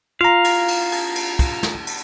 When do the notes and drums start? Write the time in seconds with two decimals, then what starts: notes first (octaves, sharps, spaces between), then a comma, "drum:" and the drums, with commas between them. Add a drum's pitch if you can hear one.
0.21 F4 F5 A#5
0.44 drum: cymbal
0.68 drum: cymbal
0.92 drum: cymbal
1.15 drum: cymbal
1.39 drum: kick, cymbal
1.63 drum: snare
1.87 drum: cymbal